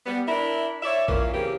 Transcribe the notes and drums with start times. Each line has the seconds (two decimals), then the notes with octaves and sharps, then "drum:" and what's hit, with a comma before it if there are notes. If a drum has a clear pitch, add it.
0.06 G3 B3
0.28 D4 E4 A#4 E5
0.83 C#5 D5 E5
1.08 A#2 E3 A#3 C#4, drum: kick
1.34 C#3 E3 A#3 C4 G4